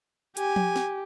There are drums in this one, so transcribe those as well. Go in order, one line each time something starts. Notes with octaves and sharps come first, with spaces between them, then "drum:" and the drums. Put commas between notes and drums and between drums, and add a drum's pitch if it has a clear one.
G4 G#5, drum: hi-hat
drum: tom F3
drum: snare